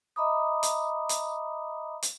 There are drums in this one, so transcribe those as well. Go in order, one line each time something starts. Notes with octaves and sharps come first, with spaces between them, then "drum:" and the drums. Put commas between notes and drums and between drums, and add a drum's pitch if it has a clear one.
D#5 E5 A#5 B5 D6 D#6
drum: hi-hat
drum: hi-hat
drum: hi-hat